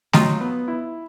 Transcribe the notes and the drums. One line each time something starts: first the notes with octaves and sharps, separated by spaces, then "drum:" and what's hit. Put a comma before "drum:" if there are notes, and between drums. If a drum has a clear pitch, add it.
F#3 D#4 F4, drum: snare A3
B3
E4